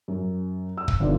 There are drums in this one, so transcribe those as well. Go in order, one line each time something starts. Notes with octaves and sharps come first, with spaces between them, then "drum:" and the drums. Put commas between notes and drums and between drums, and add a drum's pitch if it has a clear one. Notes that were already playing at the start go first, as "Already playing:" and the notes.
F#2
E6
drum: kick
G1 D#4 F4 D5